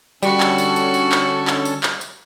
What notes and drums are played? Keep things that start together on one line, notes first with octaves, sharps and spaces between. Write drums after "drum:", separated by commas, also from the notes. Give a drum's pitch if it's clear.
D3 G3 C#4 F#4 A4, drum: tambourine
drum: clap
drum: tambourine
drum: tambourine
drum: tambourine
drum: clap
drum: clap
drum: tambourine
drum: clap
drum: tambourine